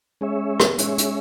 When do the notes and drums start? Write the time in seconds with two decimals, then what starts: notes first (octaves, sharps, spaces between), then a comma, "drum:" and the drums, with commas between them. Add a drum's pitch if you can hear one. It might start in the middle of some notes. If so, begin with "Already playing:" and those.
0.21 G#3 C#4 G#4 C#5 E5
0.60 drum: rim click
0.78 G#3 C#4 G#4 C#5 E5, drum: hi-hat
0.98 drum: hi-hat